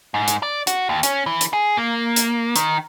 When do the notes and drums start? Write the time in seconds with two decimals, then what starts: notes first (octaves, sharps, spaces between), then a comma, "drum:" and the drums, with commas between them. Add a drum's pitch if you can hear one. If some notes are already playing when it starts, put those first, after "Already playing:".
0.14 G#2
0.28 drum: hi-hat
0.43 D5
0.67 F#4, drum: hi-hat
0.89 D#2
1.03 C#4, drum: hi-hat
1.26 E3
1.41 drum: hi-hat
1.53 G#4
1.77 A#3
2.16 drum: hi-hat
2.56 D#3, drum: hi-hat